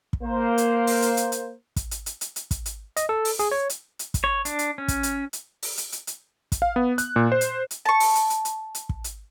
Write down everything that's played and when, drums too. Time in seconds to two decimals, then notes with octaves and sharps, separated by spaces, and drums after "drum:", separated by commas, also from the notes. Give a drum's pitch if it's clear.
0.13 drum: kick
0.23 A#3 C5
0.58 drum: hi-hat
0.87 drum: open hi-hat
1.02 drum: hi-hat
1.17 drum: hi-hat
1.32 drum: hi-hat
1.76 drum: kick, hi-hat
1.91 drum: hi-hat
2.06 drum: hi-hat
2.21 drum: hi-hat
2.36 drum: hi-hat
2.51 drum: kick, hi-hat
2.66 drum: hi-hat
2.97 D#5, drum: hi-hat
3.09 A4
3.25 drum: open hi-hat
3.39 G#4, drum: hi-hat
3.52 C#5
3.70 drum: hi-hat
3.99 drum: hi-hat
4.14 drum: kick, hi-hat
4.24 C#5
4.45 D4, drum: hi-hat
4.59 drum: hi-hat
4.78 C#4
4.88 drum: kick, hi-hat
5.03 drum: hi-hat
5.33 drum: hi-hat
5.63 drum: open hi-hat
5.77 drum: hi-hat
5.92 drum: hi-hat
6.07 drum: hi-hat
6.52 drum: kick, hi-hat
6.62 F5
6.76 B3
6.98 F#6, drum: hi-hat
7.16 A#2
7.32 C5
7.41 drum: hi-hat
7.71 drum: hi-hat
7.85 A5 C#6
8.00 drum: open hi-hat
8.15 drum: hi-hat
8.30 drum: hi-hat
8.45 drum: hi-hat
8.75 drum: hi-hat
8.89 drum: kick
9.04 drum: hi-hat